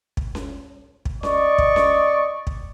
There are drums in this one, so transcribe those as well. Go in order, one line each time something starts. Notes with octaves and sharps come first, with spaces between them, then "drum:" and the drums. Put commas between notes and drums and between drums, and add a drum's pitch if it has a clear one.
drum: kick
drum: snare C#4
drum: kick
D5 D#5 C#6, drum: snare C#4
drum: kick
drum: snare C#4
drum: kick